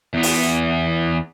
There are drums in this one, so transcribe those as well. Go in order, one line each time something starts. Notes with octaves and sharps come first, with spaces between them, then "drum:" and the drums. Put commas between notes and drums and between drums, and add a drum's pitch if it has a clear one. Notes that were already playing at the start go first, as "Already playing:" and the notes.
E2 B3
drum: open hi-hat